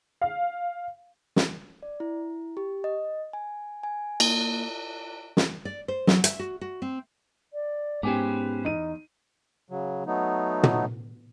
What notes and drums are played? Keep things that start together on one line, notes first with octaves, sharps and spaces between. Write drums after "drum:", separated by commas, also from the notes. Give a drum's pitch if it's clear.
F5
drum: snare
D5
E4
G4
D#5
G#5
G#5
A#3, drum: cymbal
drum: snare
D5
C5
F#3, drum: snare
E5, drum: hi-hat
F#4
F#4
C4
D5
G#2 B3 C#4 G4 B4 C5 G#5 D6
E2 D#4 D#7
C#3 F#3
F#3 A3 B3 D#4
drum: tom